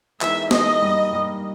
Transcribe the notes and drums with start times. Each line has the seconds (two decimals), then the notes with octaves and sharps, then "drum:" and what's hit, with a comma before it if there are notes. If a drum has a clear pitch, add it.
0.21 E3 G#3 B3 D#4 A#4 E5, drum: clap
0.51 E3 G#3 B3 D#4 A#4 D#5, drum: snare
0.81 G2 G3 A#3 D#4
1.12 G2 G3 A#3 D#4